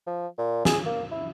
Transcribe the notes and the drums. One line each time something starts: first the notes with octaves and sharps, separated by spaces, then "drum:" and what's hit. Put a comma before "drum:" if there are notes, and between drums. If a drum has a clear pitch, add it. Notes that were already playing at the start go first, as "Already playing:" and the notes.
F3
A#2
G#4, drum: snare
A#3
E4